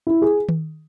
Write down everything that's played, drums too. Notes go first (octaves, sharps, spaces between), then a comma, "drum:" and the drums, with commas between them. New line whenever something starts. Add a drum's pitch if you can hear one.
E4
G#4
drum: tom D#3